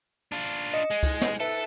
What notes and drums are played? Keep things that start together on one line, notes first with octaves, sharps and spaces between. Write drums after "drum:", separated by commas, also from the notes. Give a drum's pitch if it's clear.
D4 F4
D#5 C#7
G#3
drum: kick C#2, cymbal
drum: snare
A4 B4 E5, drum: cymbal